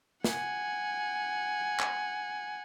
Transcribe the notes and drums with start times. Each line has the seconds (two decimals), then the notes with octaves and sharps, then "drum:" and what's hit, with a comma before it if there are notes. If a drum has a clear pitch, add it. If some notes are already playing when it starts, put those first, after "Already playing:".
0.24 F#5 G#5, drum: snare
1.79 drum: clap